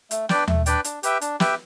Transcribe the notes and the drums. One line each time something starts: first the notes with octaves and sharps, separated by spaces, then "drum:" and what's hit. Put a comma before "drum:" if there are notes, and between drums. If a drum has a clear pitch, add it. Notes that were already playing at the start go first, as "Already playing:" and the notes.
A3, drum: hi-hat
D4 B4 D5 G5, drum: snare
A3, drum: tom D#2
D4 B4 D5 G5, drum: hi-hat
D4, drum: hi-hat
G4 B4 E5 G5, drum: hi-hat
D4, drum: hi-hat
G4 B4 E5 G5, drum: snare